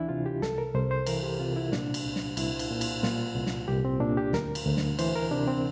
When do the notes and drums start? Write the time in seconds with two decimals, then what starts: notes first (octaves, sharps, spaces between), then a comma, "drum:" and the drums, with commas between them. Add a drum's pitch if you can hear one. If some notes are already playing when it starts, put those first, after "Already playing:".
Already playing: D2 E3 D4 E4
0.09 C3 F4
0.26 G4
0.42 C2 A4, drum: snare
0.58 A#4
0.75 C2 C5
0.91 C5
1.06 E3 A#4, drum: cymbal
1.23 G4
1.40 C3 F4
1.56 E4
1.72 A#2 D4, drum: snare
1.94 drum: cymbal
2.05 C2
2.16 drum: snare
2.37 C2 E4, drum: cymbal
2.59 drum: cymbal
2.70 A#2
2.81 drum: cymbal
3.03 A#2 F4, drum: snare
3.35 C2
3.46 drum: snare
3.68 C2 G4
3.85 C4
4.00 A#2 D4
4.17 G4
4.33 D2 A#4, drum: snare
4.55 drum: cymbal
4.66 D2
4.77 drum: snare
4.99 E3 C5, drum: cymbal
5.16 A#4
5.31 C3 D4
5.48 C4